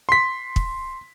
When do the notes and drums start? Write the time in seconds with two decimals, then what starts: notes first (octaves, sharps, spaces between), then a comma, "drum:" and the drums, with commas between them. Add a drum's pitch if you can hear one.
0.09 C6 B6
0.56 drum: kick